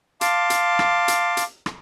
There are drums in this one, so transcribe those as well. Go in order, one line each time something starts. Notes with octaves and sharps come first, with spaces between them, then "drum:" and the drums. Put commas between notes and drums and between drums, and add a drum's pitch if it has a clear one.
F5 A5 C6 D6, drum: hi-hat
drum: hi-hat
drum: rim click
drum: hi-hat
drum: hi-hat
drum: rim click